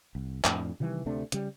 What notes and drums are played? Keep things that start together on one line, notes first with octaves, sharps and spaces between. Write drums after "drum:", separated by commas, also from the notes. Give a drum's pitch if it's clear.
C2
F2 A2 D4, drum: clap
C3 D#3 E3 G3
D2 C3 A3 D4
C#3 G3, drum: hi-hat